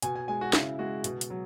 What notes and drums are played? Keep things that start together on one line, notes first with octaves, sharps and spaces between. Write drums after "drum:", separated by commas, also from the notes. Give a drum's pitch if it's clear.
B2 G#5, drum: hi-hat
G#5
G#3 G#5
F#4
C#3 E4, drum: snare
G#3 F#4
B2, drum: hi-hat
drum: hi-hat
F#3